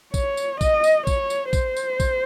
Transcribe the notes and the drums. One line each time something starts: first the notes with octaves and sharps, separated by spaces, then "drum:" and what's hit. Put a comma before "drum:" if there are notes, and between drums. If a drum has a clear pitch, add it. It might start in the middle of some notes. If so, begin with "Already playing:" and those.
C#5, drum: kick, tambourine
drum: tambourine
D#5, drum: kick, tambourine
drum: tambourine
C#5, drum: kick, tambourine
drum: tambourine
C5, drum: kick, tambourine
drum: tambourine
drum: kick, tambourine